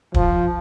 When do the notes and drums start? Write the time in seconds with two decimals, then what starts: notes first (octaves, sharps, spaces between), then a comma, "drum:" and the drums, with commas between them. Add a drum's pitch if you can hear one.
0.14 F3, drum: kick